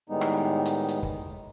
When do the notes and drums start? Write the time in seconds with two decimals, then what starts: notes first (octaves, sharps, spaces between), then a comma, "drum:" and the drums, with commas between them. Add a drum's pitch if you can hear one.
0.10 A2 D#3 G3 G#3 B3 D#4
0.21 drum: rim click
0.66 drum: hi-hat
0.89 drum: hi-hat
1.03 drum: kick